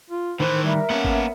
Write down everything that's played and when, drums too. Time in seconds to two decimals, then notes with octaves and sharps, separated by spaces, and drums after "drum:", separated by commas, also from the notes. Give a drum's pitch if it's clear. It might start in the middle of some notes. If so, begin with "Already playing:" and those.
0.11 F4
0.40 A2 D#3 E3 C5 F#6
0.64 G3 A#4 E5
0.90 A#3 B3 C#4 C#5 F#5 A5
1.05 drum: kick G#1